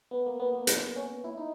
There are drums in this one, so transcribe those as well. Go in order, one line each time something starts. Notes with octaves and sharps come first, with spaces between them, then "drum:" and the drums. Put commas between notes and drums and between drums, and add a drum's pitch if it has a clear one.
B3
A#3
B3
A#3
A#3, drum: hi-hat
C#4
E4
D#4